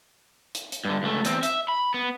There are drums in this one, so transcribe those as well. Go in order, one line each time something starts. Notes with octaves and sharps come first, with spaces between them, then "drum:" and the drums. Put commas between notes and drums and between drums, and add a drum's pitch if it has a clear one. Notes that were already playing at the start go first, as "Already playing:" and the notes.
drum: hi-hat
drum: hi-hat
G2 D3
C#2 A3
E2 C4, drum: hi-hat
E5, drum: hi-hat
B5
B3